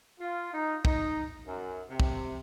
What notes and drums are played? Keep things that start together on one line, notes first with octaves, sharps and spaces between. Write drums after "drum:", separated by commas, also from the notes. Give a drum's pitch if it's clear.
F4
D#4
D#4, drum: kick
F#2
C3
drum: kick